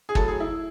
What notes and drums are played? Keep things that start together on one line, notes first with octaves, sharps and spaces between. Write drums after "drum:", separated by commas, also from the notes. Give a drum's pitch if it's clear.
G#4
A2 F#3 A4, drum: kick
G#4
E4